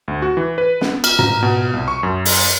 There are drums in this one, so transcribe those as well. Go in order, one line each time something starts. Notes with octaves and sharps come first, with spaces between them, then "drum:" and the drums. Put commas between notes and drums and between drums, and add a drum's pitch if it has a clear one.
D2
F#4
E3
B4
B3, drum: snare
F6, drum: cymbal
A#5, drum: tom
B2
C2
C#6
F#2
drum: open hi-hat